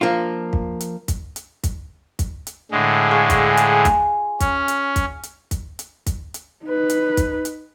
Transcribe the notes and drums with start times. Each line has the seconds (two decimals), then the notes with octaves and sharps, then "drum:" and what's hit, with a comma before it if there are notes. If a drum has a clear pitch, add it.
0.01 F3 A#3 D4 F4
0.53 drum: kick
0.80 drum: hi-hat
1.08 drum: kick, hi-hat
1.36 drum: hi-hat
1.64 drum: kick, hi-hat
2.19 drum: kick, hi-hat
2.47 drum: hi-hat
2.71 A2 D3 G#3
3.11 F4 G#4 C#6
3.30 drum: kick, hi-hat
3.57 drum: hi-hat
3.85 drum: kick, hi-hat
4.40 C#4, drum: kick, hi-hat
4.68 drum: hi-hat
4.96 drum: kick, hi-hat
5.23 drum: hi-hat
5.51 drum: kick, hi-hat
5.79 drum: hi-hat
6.06 drum: kick, hi-hat
6.34 drum: hi-hat
6.65 D#4 B4
6.90 drum: hi-hat
7.17 drum: kick, hi-hat
7.45 drum: hi-hat